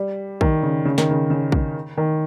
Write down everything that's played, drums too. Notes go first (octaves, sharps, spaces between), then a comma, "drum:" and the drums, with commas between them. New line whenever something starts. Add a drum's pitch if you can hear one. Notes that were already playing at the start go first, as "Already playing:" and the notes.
Already playing: G3
D#3, drum: kick
C#3
C#3
D#3, drum: snare
C#3
C#3
drum: kick
D#3